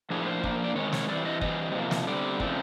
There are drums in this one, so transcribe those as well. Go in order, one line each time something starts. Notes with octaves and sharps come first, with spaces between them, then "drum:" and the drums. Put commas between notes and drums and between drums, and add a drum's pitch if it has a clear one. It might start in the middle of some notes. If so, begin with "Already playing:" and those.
A2 F3 A#3 D4 G#4
B4
C5
F3 A#3 D4, drum: kick
D5
D#3 G#3 C4 C#5
C#5, drum: snare
E3 G3 C4 D5
D#5
E3 G3 C4 D#5, drum: kick
C3 F3 A#3
drum: snare
D3 G3 C4 D5
C#3 F3 A3 C4, drum: kick